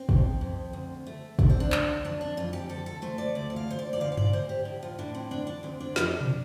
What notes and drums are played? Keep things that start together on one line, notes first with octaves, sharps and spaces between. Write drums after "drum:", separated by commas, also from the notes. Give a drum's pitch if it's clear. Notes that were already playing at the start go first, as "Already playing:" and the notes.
Already playing: C4
F2, drum: kick
F2
D2
A3
D2 D4, drum: kick
C4
D4
D2, drum: clap
F2 D4
D4
F2 F4
G4
D2 A4
A4
A3 C5
D5
D2 D5
D5
F5
D2 C5
D5
D5
D2 F5
F5
D5, drum: tom G2
D2 C5
G4
A2
F4
A2 D4
C4
D2 D4
D4
D2 C4
D4
F2, drum: snare
drum: tom B2